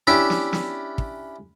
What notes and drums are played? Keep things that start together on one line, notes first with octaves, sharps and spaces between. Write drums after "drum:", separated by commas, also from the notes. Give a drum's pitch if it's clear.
C#4 D4 E4 G4 E5
drum: snare
drum: snare
drum: kick